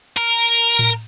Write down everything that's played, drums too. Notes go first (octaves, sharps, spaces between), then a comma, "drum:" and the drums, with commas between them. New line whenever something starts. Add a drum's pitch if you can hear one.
A#4, drum: cymbal
drum: cymbal
drum: tom A2